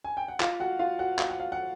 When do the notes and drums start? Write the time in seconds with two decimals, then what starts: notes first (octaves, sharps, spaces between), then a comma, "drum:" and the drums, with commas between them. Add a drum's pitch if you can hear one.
0.04 G#5
0.17 G5
0.28 F#5
0.40 F4 F5, drum: clap
0.60 F#4 F#5
0.79 F4 F5
0.99 F#4 F#5
1.19 F5, drum: clap
1.30 F#5
1.40 F5
1.52 F#5